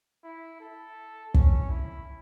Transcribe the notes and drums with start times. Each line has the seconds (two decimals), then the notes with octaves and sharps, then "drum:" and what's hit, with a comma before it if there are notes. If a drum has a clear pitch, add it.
0.24 E4
0.61 A4
1.34 C#4, drum: kick
1.70 E4